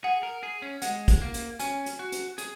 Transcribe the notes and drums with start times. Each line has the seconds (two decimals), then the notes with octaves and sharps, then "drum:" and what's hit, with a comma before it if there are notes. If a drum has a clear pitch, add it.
0.04 G#4 F#5
0.23 A#4
0.43 G#4
0.62 C#4
0.82 G#3 F#5, drum: hi-hat
1.08 drum: kick, hi-hat
1.22 A#3
1.34 drum: hi-hat
1.59 C#4 G#5, drum: hi-hat
1.86 drum: hi-hat
1.99 F#4
2.12 drum: hi-hat
2.38 G#4, drum: hi-hat